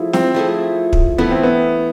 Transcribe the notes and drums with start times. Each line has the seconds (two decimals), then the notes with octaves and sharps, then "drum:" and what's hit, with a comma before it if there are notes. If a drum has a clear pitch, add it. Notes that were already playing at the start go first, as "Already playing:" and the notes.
Already playing: F3 A3 E4 G#4
0.13 C4, drum: snare
0.34 F3 A3 E4 G#4
0.93 drum: kick
1.18 E3 A3 B3 E4
1.31 C4
1.43 B3